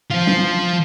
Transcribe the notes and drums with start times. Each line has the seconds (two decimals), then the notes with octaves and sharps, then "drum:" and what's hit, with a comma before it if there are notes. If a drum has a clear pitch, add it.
0.11 F3 F4
0.27 drum: tom F#3